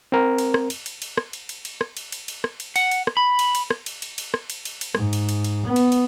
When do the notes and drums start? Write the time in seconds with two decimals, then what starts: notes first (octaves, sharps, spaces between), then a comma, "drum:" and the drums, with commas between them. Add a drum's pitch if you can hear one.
0.12 C4 A#4
0.38 drum: cymbal
0.54 drum: rim click
0.70 drum: cymbal
0.86 drum: cymbal
1.02 drum: cymbal
1.18 drum: rim click
1.33 drum: cymbal
1.49 drum: cymbal
1.65 drum: cymbal
1.81 drum: rim click
1.97 drum: cymbal
2.12 drum: cymbal
2.28 drum: cymbal
2.44 drum: rim click
2.60 drum: cymbal
2.76 F#5, drum: cymbal
2.91 drum: cymbal
3.07 drum: rim click
3.17 B5
3.39 drum: cymbal
3.55 drum: cymbal
3.71 drum: rim click
3.86 drum: cymbal
4.02 drum: cymbal
4.18 drum: cymbal
4.34 drum: rim click
4.50 drum: cymbal
4.65 drum: cymbal
4.81 drum: cymbal
4.95 G#2, drum: rim click
5.13 drum: cymbal
5.29 drum: cymbal
5.44 drum: cymbal
5.66 B3
5.76 drum: cymbal
5.92 drum: cymbal